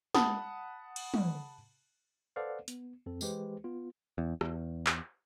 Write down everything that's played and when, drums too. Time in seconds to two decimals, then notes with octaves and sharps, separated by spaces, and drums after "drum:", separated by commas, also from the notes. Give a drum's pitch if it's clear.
0.15 F#5 A5 B5 D#6, drum: snare
0.96 drum: cymbal
1.14 drum: tom
2.36 A4 B4 C5 D5 F5 F#5
2.68 B3, drum: hi-hat
3.06 F2 C4 A4
3.21 E3 G#3 G4 B4 C5, drum: tambourine
3.64 B3 F4
4.18 E2
4.41 E2, drum: rim click
4.86 drum: clap